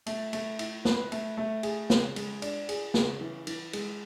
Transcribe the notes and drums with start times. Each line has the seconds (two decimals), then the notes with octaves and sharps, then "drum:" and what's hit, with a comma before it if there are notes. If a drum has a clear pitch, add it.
0.06 A3, drum: cymbal
0.33 A3, drum: cymbal
0.59 E4, drum: cymbal
0.85 B4, drum: snare
1.12 A3, drum: cymbal
1.37 A3
1.63 G#4, drum: cymbal
1.90 C#3, drum: snare
2.16 G#3, drum: cymbal
2.42 D4, drum: cymbal
2.69 G#4, drum: cymbal
2.94 C#3, drum: snare
3.21 E3
3.47 E3, drum: cymbal
3.73 G#3, drum: cymbal